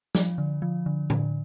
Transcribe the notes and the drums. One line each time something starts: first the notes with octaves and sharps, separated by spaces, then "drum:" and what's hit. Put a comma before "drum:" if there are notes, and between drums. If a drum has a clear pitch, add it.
F3, drum: snare
D3
F3
D3
D3, drum: tom A2